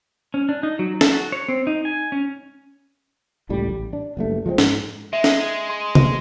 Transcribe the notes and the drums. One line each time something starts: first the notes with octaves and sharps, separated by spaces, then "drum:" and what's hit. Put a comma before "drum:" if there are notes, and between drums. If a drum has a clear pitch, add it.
C#4
D4
D#4
F#3
A5, drum: snare C#4
F#4
C#5
C4
D#4
G#5
C#4
F#1 C#2 A2 G3
A1
D4
F#1 G2 A3
F3 G#3 A3 C4
G#2, drum: snare C#4
G#3 E5
drum: snare C#4
C6
drum: tom